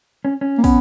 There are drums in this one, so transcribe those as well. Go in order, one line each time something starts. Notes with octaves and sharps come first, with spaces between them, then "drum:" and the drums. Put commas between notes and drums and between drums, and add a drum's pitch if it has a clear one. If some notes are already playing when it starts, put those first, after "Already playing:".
C#4
C#4
A#3
B3 C#4, drum: kick, open hi-hat